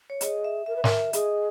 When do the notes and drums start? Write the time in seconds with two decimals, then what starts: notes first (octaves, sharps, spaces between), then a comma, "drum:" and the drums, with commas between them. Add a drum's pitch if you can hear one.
0.10 C#5
0.21 G#4 D#5, drum: hi-hat
0.44 E5
0.66 A#4 E5
0.76 B4
0.84 A#4, drum: snare
0.91 E5
1.13 G#4 D#5, drum: hi-hat